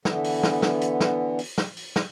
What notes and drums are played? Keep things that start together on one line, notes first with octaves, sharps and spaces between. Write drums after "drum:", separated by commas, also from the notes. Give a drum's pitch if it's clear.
D3 E3 B3, drum: snare
drum: open hi-hat
drum: snare
drum: snare
drum: hi-hat
drum: snare
drum: open hi-hat
drum: snare
drum: open hi-hat
drum: snare